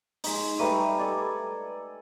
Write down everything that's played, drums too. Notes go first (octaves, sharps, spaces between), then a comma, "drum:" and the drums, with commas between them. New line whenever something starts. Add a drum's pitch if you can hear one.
G#3 D#4, drum: open hi-hat
G3 A3 B4 A#5 D#7
A4 D5 G#5